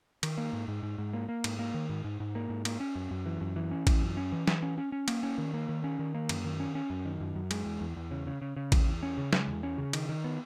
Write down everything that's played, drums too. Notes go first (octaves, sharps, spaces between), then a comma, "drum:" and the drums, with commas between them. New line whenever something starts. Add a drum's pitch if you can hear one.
D#3, drum: cymbal
A#3
G#2
G#2
G#2
G#2
A#3
A#3
G#2, drum: cymbal
A#3
D#3
G#2
G#2
G#2
A#3
G#2
A#3, drum: cymbal
C#4
F#2
F#2
E3
F#2
E3
C#4
E3, drum: kick A1, cymbal
F#2
C#4
E3
E3, drum: snare
C#4
C#4
C#4
A#3, drum: cymbal
C#4
D#3
A#3
D#3
C#4
D#3
A#3
F#2, drum: cymbal
D#3
C#4
C#4
F#2
D#3
F#2
F#2
G#3, drum: cymbal
E2
E2
E2
C#3
C#3
C#3
C#3
E2, drum: kick A1, cymbal
E2
C#4
C#3
G#3, drum: snare
E2
C#4
C#3
D#3, drum: cymbal
D#3
B3